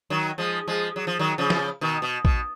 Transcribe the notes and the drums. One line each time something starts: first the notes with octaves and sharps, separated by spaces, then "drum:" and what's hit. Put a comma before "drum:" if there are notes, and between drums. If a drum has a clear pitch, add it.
D#3 F#3
F3 G#3
F3 G#3
F#3
F3
D#3 F#3
C#3 F3
drum: snare
B2 D#3
B2
B2, drum: kick A#1